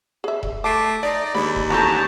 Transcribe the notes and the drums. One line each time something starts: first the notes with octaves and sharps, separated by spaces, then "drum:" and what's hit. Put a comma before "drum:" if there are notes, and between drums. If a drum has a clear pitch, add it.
G#4 E5
drum: kick E1
A3 A5 D6 C7 D7
D#4 D5
D#2 G#3 B5, drum: snare D4
drum: kick E1
E2 F#3 C#4 A4 A5 A#5 C#6 G6